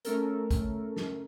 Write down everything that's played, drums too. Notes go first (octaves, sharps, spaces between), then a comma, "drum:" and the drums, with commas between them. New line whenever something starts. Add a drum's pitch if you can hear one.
A3 C#4 A4 A#4, drum: hi-hat
drum: kick A1, hi-hat
drum: snare